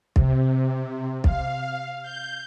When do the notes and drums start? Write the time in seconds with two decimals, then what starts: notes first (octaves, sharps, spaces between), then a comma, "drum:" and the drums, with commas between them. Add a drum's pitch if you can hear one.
0.16 C3, drum: kick
1.24 F5, drum: kick
2.03 G6